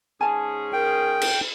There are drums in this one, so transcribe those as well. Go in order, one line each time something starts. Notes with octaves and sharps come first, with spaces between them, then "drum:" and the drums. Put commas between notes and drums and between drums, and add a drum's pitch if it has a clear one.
G#2 C#4 G#4 G#5 A5
A#4 G5
drum: cymbal